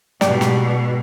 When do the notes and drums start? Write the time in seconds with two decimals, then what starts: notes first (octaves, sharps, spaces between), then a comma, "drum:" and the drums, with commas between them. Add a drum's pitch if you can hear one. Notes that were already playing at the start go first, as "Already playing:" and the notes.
0.21 G#2 B2 G4 D5, drum: snare
0.41 drum: snare